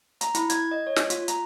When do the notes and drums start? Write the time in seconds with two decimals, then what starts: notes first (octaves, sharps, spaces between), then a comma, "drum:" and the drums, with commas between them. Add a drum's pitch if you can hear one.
0.21 A#5, drum: hi-hat
0.35 E4, drum: hi-hat
0.50 G#6, drum: hi-hat
0.71 D#5
0.87 C#5
0.96 drum: snare
1.10 F4, drum: hi-hat
1.28 A#5, drum: hi-hat